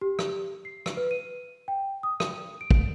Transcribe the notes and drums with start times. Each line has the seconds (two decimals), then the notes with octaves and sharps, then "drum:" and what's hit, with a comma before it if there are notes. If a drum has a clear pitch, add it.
0.01 G4
0.19 drum: rim click
0.65 C7
0.86 drum: rim click
0.97 B4
1.11 D#7
1.68 G5
2.03 D#6
2.20 drum: rim click
2.61 D7
2.71 drum: kick